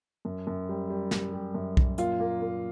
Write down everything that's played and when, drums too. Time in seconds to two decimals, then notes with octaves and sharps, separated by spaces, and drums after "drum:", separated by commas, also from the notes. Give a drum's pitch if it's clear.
0.25 F#2
0.47 F#2
0.69 G3
0.90 G3
1.11 G3, drum: snare
1.33 G3
1.54 F#2
1.77 F#2, drum: kick
1.98 A#2 F4, drum: hi-hat
2.20 A#3
2.42 A#3